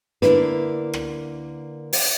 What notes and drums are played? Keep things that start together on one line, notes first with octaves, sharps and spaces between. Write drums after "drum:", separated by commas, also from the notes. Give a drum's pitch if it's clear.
D3 A#3 D4 E4 B4, drum: snare
drum: rim click
drum: open hi-hat